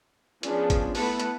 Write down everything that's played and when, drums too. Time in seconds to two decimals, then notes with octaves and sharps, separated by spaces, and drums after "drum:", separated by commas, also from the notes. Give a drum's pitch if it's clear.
0.43 F3 B3 C#4 D4 G#4, drum: hi-hat
0.70 drum: kick G#1, hi-hat
0.95 A3 B3 E4 B4 F#5 A5, drum: open hi-hat
1.20 drum: hi-hat